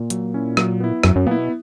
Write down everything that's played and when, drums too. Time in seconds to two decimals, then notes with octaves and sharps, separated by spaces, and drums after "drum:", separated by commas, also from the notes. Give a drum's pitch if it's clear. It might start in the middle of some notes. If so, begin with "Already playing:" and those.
Already playing: A#2
0.10 F#3, drum: hi-hat
0.34 C#4 E4
0.57 F#3, drum: rim click
0.80 B3 E4
1.03 F#2 F#3, drum: rim click
1.16 F#2
1.26 A#2 B3 E4
1.38 B2